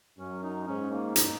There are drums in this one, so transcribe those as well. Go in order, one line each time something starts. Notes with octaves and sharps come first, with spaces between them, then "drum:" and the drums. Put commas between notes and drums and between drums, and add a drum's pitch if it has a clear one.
F#2 C#4
D#4
G#2 C#4
A#3
D#4, drum: hi-hat